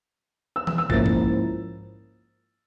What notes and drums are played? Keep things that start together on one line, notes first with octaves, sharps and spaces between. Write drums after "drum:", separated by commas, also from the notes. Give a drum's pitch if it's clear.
E6
E6, drum: tom
E6
G#2 F3 A#3 C#4 E4 A6, drum: kick
drum: kick